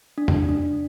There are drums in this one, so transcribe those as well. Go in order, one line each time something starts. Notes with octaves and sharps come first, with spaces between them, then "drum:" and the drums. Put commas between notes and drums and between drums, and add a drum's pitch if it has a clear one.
D4
drum: tom
D4